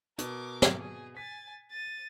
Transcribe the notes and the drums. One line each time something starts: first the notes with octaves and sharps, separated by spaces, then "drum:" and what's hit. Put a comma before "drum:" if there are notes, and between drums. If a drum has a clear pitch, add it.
B2 A#4 D6, drum: hi-hat
drum: snare
G#4
G#5 A6 B6
A6 D#7